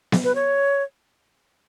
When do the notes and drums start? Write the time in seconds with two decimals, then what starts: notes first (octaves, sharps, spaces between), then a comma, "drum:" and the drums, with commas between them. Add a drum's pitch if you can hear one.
0.12 drum: snare B3
0.24 B4
0.35 C#5